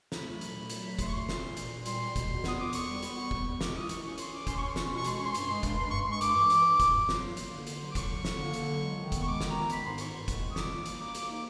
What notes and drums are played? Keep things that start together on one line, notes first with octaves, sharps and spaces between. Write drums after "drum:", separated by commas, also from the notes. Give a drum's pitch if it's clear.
A3 B5, drum: snare
F#3
A#2, drum: hi-hat
A3
F#3, drum: hi-hat
A3
A3 C6, drum: kick, hi-hat
C#6
A#2 C6
A#2, drum: snare
A#2
A#2, drum: hi-hat
A#2
G3 C6, drum: hi-hat
G3
B2, drum: kick, hi-hat
E2
B3 D#6, drum: snare
B3 D6
E2 C#6, drum: hi-hat
G3
B3, drum: hi-hat
B3
G3, drum: kick
E2
G#3 D6, drum: snare
E4 D#6
E4 C#6, drum: hi-hat
C#4 C#6
E4 C6, drum: hi-hat
C#4 D6
C#4 C6, drum: kick, hi-hat
C#6
C#4
C6
C#4 C#6, drum: snare
C6
B2 C#6
G#3 C6, drum: hi-hat
C#6
C#4 C6
G2, drum: hi-hat
G#3
G2, drum: kick, hi-hat
G2 C6
G2 C#6
C6
G#3 C#6
G2 D6, drum: hi-hat
E3
E3, drum: hi-hat
G2
G2, drum: kick, hi-hat
G2
F#3 C6, drum: snare
A#3
A#3, drum: hi-hat
D3
D3, drum: hi-hat
F#3
D6
F#3 C#6, drum: kick, hi-hat
D3
D3, drum: snare
A#3
D3, drum: hi-hat
F#3
G#3
D#3
B3, drum: kick, hi-hat
C#6
G#3 D6
D#3, drum: snare
A#5
B3
D#3 B5, drum: hi-hat
G#2 C6
G#2 C#6, drum: hi-hat
G#2
G#3, drum: kick, hi-hat
D#3
D#6
G3 D6, drum: snare
A#3
G3, drum: hi-hat
A#3 D6
A#3 D6, drum: hi-hat
D#4 D6